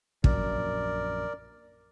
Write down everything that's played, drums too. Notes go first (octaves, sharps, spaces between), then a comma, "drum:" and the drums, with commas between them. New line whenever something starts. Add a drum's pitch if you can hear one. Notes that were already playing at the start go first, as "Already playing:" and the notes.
A#1 F#2 A#4 D5, drum: kick